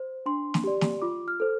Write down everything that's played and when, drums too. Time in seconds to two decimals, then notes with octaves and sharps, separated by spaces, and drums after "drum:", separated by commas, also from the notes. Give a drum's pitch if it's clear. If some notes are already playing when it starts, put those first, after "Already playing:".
Already playing: C5
0.26 D4 C6
0.54 drum: snare
0.64 G4 D5
0.81 drum: snare
1.02 F4 D6
1.28 F6
1.40 A4 C5